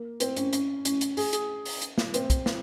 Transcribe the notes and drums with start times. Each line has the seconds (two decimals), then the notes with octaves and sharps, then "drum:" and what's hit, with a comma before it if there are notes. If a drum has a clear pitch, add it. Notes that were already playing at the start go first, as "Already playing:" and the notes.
Already playing: A#3
0.20 C4, drum: hi-hat
0.36 C#4, drum: hi-hat
0.53 C#4, drum: hi-hat
0.85 C#4, drum: hi-hat
1.01 drum: hi-hat
1.17 G#4, drum: open hi-hat
1.33 G#4, drum: hi-hat
1.65 drum: open hi-hat
1.82 drum: hi-hat
1.98 drum: snare
2.14 C4, drum: hi-hat
2.30 drum: kick, hi-hat
2.46 drum: snare